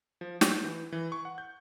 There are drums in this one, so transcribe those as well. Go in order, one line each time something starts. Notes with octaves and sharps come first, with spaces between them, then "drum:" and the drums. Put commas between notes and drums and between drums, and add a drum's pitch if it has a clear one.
F3
G6, drum: snare
E3
E3
C#6
F#5
G6